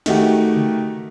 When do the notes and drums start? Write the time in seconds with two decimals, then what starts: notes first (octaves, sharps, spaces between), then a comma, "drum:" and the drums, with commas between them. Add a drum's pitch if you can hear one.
0.06 D#3 A3 D#4 F#4 G4, drum: snare
0.57 drum: tom C#3